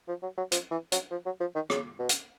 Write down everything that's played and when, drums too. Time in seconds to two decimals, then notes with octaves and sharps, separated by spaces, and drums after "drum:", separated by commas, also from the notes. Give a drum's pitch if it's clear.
0.08 F3
0.23 F#3
0.38 F#3
0.52 F3, drum: hi-hat
0.71 E3
0.92 F#3, drum: hi-hat
1.11 F3
1.26 F#3
1.40 F3
1.55 D#3
1.70 C#3, drum: rim click
1.99 B2
2.09 drum: hi-hat